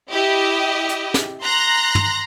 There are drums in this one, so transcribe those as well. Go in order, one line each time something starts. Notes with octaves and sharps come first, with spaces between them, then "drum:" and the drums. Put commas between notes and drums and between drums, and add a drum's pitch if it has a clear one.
E4 G4 D#5
drum: hi-hat
drum: snare
A#5 C6 F#6 A#6
drum: tom